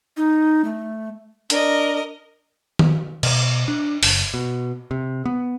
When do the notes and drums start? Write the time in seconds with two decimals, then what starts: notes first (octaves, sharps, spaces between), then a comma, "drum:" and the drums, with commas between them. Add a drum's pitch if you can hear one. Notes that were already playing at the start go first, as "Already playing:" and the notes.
0.17 D#4
0.65 A3
1.50 D4 A#4 D#5, drum: hi-hat
2.79 drum: tom D#3
3.23 B2, drum: cymbal
3.68 D4
4.03 F#1, drum: open hi-hat
4.34 B2
4.91 C3
5.25 B3